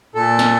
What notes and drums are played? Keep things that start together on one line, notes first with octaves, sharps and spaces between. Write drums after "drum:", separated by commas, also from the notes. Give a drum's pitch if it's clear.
A#2 A4
drum: snare